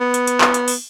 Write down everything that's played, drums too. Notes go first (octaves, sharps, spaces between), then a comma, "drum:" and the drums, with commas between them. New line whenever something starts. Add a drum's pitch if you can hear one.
B3
drum: hi-hat
drum: hi-hat
drum: clap
drum: hi-hat
drum: open hi-hat